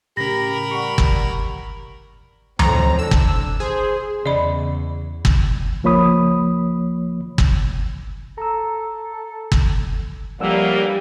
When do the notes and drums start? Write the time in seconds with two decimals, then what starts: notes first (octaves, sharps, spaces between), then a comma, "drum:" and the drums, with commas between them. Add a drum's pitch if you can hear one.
0.17 A2 C#3 G4 A#4 B5 A#6
0.71 G3 F#5 C#6
0.98 drum: kick G1
2.59 F2 A2 C4 A#5, drum: tom D2
2.99 D4 E6
3.11 drum: kick G1
3.60 G#4 C5
4.26 E2 C#3 D5 D#5 B5
5.25 drum: kick G1
5.84 C#2 F3 A#3 C#5 B5 D#6
7.38 drum: kick G1
8.38 A4 A#5 E6
9.52 drum: kick G1
10.40 A2 E3 F3 G3 A#3 D4 F#5 E6